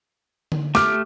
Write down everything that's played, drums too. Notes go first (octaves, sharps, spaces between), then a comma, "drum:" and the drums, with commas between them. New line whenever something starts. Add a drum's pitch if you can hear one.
drum: tom D3
A3 G4 D6 F6, drum: snare